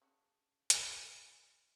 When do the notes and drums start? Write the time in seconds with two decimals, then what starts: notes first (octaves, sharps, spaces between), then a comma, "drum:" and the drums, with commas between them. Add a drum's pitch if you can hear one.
0.02 C#3 D4 F#4
0.70 drum: hi-hat